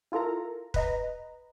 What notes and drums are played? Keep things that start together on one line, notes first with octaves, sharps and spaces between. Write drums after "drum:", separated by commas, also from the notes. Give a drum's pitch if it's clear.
E4 F4 A4 A#4 A#5
B4 D#5 A#5, drum: kick